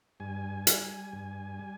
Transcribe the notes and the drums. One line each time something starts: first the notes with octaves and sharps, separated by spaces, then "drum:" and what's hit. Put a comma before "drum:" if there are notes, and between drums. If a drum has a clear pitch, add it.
G2 G#5
G3, drum: hi-hat
G2
G3